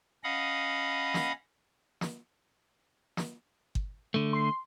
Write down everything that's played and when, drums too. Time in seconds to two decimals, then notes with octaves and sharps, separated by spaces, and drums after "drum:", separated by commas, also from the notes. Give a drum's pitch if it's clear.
0.24 C#4 D#5 F5 F#5 B5 D#6
1.14 drum: snare
2.01 drum: snare
3.17 drum: snare
3.75 drum: kick G1
4.14 D3 A3
4.33 C6